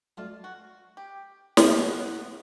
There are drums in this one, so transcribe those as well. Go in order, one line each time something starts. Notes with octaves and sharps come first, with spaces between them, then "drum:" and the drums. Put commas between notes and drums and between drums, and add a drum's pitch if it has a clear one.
F#3 A3 D4 F4
F#4
G4
drum: snare
A2 F#3 A#3 C#4 F#4